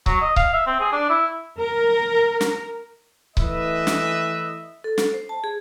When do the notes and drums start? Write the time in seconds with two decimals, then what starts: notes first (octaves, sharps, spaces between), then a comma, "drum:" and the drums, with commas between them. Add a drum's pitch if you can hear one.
0.06 F#3, drum: kick C#1
0.22 D#5
0.36 F5, drum: kick C#1
0.54 E5
0.67 C4
0.80 G#4
0.92 D4
1.10 E4
1.61 A#4
2.41 drum: snare
3.37 E3 A3 B4 D#5 E5, drum: kick C#1
3.87 drum: snare
4.84 A4
4.98 drum: snare
5.14 C5
5.29 A5
5.44 G#4